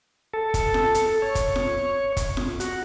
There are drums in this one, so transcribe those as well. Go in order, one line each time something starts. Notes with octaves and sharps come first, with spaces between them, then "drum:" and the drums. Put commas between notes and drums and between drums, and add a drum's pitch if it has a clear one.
A4
drum: kick, hi-hat
drum: snare F4
drum: hi-hat
C#5
drum: kick, hi-hat
drum: snare F4
drum: kick, hi-hat
drum: snare F4
F#4, drum: hi-hat